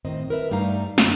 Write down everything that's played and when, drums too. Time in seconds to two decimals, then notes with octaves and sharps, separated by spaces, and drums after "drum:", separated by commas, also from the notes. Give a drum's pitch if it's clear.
0.05 A2 D#3 C4 D#5
0.30 A#4 B4 E5
0.51 G2 G3 A3 D#4 F5 A#5
0.98 F#2 D3, drum: snare